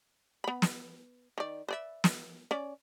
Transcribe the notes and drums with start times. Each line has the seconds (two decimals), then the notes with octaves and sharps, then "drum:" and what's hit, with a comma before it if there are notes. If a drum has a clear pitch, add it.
0.44 B3 B5
0.62 drum: snare
1.38 D#3 D5
1.68 B4 D5 E5
2.04 drum: snare
2.51 C#4 D5